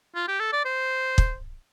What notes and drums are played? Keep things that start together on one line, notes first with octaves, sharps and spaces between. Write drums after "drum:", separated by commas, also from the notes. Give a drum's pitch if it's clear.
F4
G4
A4
D5
C5
drum: kick